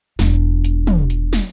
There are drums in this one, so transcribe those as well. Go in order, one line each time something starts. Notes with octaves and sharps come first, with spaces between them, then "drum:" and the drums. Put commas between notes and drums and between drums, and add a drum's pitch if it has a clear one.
E1 D4, drum: snare
drum: hi-hat
drum: tom
drum: hi-hat
drum: snare